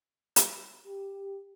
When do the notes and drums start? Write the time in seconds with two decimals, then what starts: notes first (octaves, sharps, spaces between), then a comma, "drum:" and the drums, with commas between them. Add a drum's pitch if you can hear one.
0.36 drum: hi-hat
0.86 G4